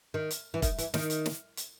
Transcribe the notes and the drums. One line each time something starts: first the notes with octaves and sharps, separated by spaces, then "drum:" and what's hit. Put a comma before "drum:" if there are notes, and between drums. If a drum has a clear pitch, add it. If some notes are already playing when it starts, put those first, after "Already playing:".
D#3
drum: hi-hat
E3
D#3, drum: kick, hi-hat
E3, drum: hi-hat
D#3, drum: snare
drum: hi-hat
drum: snare
drum: hi-hat